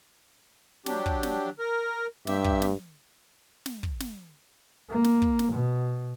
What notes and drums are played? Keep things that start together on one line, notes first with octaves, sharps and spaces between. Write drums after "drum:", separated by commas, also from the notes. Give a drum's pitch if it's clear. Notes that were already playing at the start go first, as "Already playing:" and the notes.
F#3 D4 G4, drum: snare
drum: kick
drum: snare
A#4
G2 G4 E5, drum: snare
drum: kick
drum: snare
drum: snare
drum: kick
drum: snare
A#3
drum: snare
drum: kick
drum: snare
B2